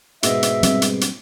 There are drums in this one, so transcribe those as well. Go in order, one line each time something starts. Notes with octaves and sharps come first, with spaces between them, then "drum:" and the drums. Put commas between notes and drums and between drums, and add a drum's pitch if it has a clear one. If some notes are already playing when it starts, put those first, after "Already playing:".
G#2 B2 D#5 E5, drum: hi-hat
drum: hi-hat
G3 C4, drum: hi-hat
drum: hi-hat
drum: hi-hat